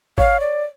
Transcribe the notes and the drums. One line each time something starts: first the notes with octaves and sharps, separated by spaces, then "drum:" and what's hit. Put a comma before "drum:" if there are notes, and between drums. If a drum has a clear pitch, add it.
C#5 F5, drum: kick
D5